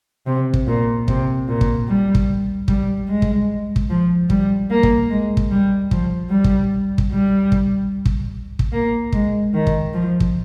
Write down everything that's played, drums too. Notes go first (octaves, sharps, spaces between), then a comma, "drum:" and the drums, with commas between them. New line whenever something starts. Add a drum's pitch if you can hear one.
C3
drum: kick
A#2
C3, drum: kick
A#2
drum: kick
G3
drum: kick
G3, drum: kick
G#3
drum: kick
drum: kick
F3
G3, drum: kick
A#3
drum: kick
G#3
drum: kick
G3
F3, drum: kick
G3
drum: kick
drum: kick
G3
drum: kick
drum: kick
drum: kick
A#3
G#3, drum: kick
D#3
drum: kick
F3
drum: kick